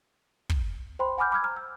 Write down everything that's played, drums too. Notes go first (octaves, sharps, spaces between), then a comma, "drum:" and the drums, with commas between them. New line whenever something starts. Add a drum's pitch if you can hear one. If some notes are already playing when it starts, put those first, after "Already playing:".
drum: kick
C5 G5 B5 C6
F#5 G#5 B5 D6 F6 G6
B5 D6 E6 F6 G#6
A#5 F6
E6